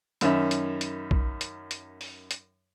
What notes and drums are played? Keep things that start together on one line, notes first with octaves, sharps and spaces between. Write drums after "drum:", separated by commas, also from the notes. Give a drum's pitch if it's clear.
F#2 D#3 C#4 E5 B5, drum: hi-hat
drum: hi-hat
drum: hi-hat
drum: kick
drum: hi-hat
drum: hi-hat
drum: open hi-hat
drum: hi-hat